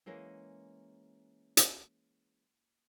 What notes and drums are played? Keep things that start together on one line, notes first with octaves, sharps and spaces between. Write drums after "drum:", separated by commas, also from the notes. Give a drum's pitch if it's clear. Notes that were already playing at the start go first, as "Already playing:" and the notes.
E3 G#3 A#3 C#4
drum: hi-hat